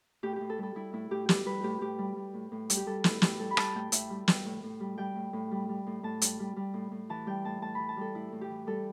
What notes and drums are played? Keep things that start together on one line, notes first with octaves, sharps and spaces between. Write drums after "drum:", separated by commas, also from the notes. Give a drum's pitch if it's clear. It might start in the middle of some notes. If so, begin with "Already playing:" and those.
A2 G4
A2 G4
A4
G3
A4
G3 E4
A2 E4
A2 G4
G3 G4, drum: snare
G3 B4
A2 G4
A2 G4
G3
G3
A2
A2
G3, drum: hi-hat
G4
G3 A4
A2 E4, drum: snare
A2 G4, drum: snare
G3 A4
B5
G3 A5, drum: rim click
A2 G5
A2 E5, drum: hi-hat
G3
G3, drum: snare
A2
A2
G3
G3 G5
A2
A2
G3
G3
A2
A2 A5
G3, drum: hi-hat
G3
G3
A2
A2
E3 A5
G3 G5
A2 A5
A2 A5
E3 B5
A5
G3 A4
A2 E4
A2
G4
E3
G3 A4